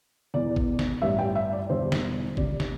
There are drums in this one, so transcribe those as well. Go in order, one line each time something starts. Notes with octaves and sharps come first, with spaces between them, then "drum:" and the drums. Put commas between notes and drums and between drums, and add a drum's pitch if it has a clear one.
E1 E2 E3 D5
drum: kick
drum: snare
A1 G2 G3 E5
G5
E5
D5
E1 E2 D3 G3 C5
drum: snare
E1 D2 C3 D5, drum: kick
drum: snare